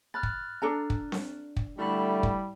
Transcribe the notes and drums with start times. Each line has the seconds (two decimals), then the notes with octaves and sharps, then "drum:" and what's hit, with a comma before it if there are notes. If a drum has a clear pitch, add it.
0.14 B5 F6 F#6 A6
0.23 drum: kick
0.62 D4 A4 A#5
0.90 drum: kick
1.12 drum: snare C4
1.56 drum: kick
1.79 D3 G3 A3 E4 B5
2.23 drum: kick